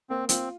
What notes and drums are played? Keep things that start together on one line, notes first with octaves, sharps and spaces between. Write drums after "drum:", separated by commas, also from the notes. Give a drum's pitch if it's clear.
A#3 C4
C4 F4, drum: hi-hat